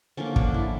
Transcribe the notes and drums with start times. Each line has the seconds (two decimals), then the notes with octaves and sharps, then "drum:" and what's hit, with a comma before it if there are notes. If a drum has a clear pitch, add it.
0.17 D3 F3 A#3 C#4
0.36 D4, drum: kick
0.54 E4